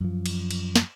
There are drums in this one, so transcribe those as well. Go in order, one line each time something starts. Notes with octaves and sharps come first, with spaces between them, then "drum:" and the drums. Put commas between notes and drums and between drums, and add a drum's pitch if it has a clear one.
F#2 F3
drum: cymbal
drum: cymbal
drum: snare